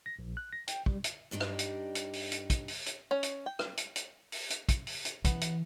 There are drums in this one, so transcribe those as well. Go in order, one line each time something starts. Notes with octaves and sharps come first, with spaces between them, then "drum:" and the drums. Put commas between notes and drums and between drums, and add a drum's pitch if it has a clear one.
A#6
A#1
F#6
A#6
G5, drum: hi-hat
G3, drum: kick
drum: hi-hat
G2 G3 D4 D#4 G4
drum: rim click
drum: hi-hat
drum: hi-hat
drum: open hi-hat
drum: hi-hat
drum: kick, hi-hat
drum: open hi-hat
drum: hi-hat
C#4 C#5
drum: hi-hat
G5
drum: rim click
drum: hi-hat
drum: hi-hat
drum: open hi-hat
drum: hi-hat
drum: kick, hi-hat
drum: open hi-hat
drum: hi-hat
E3 B3, drum: kick, hi-hat
drum: hi-hat